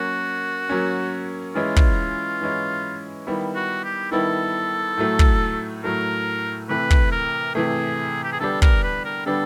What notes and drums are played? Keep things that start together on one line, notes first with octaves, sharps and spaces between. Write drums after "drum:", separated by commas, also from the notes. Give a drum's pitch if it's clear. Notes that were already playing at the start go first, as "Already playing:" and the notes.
Already playing: F#3 A#3 C#4 F#4
F#3 A#3 C#4
E3 G#3 C#4 E4 F4
drum: kick
E3 G#3 C#4 E4
D#3 G3 B3 E4
F#4
G4
D#3 G3 B3 E4 A4
A2 F#3 A3
drum: kick
A2 F#3 A3 A#4
C3 E3 A3 B4
drum: kick
A#4
C3 E3 A3 G#4
G4
G#4
D3 G3 B3 D4 G4 A4
A#4, drum: kick
B4
A#4
D3 G3 B3 D4 G4 A4